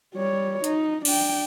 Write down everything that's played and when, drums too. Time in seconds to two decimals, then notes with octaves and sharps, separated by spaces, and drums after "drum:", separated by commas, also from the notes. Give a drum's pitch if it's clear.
0.14 G3 C#5
0.64 D#4, drum: hi-hat
1.05 D4 G5, drum: cymbal